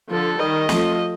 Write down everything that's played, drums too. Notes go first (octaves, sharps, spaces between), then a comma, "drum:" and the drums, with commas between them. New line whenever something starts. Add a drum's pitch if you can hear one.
D3 F3 A4
D#3 G3 D#5
F3 A3, drum: snare